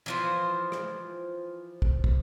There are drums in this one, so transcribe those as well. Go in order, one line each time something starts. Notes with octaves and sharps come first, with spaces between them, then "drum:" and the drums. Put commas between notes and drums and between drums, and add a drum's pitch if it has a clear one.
E3 F3 C5
drum: rim click
drum: kick
drum: kick